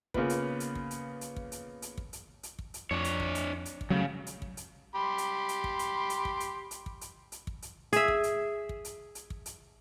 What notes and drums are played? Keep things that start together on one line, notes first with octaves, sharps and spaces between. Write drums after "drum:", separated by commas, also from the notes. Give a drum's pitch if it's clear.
C#3 A#3 B3 F4 B4, drum: kick
drum: hi-hat
drum: hi-hat
drum: kick
drum: hi-hat
drum: hi-hat
drum: kick
drum: hi-hat
drum: hi-hat
drum: kick
drum: hi-hat
drum: hi-hat
drum: kick
drum: hi-hat
F2 D4 C#5
drum: hi-hat
drum: kick
drum: hi-hat
drum: hi-hat
drum: kick
C#3 F#3 G3 A3
drum: hi-hat
drum: kick
drum: hi-hat
G4 B5 C6
drum: hi-hat
drum: hi-hat
drum: kick
drum: hi-hat
drum: hi-hat
drum: kick
drum: hi-hat
drum: hi-hat
drum: kick
drum: hi-hat
drum: hi-hat
drum: kick
drum: hi-hat
G#4 E5, drum: hi-hat
drum: kick
drum: hi-hat
drum: kick
drum: hi-hat
drum: hi-hat
drum: kick
drum: hi-hat